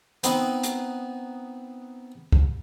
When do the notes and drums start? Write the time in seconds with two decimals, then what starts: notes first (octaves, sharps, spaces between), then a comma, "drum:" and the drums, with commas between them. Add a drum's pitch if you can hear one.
0.23 B3 C4 D#4 F#5, drum: hi-hat
0.63 drum: hi-hat
2.32 drum: kick C2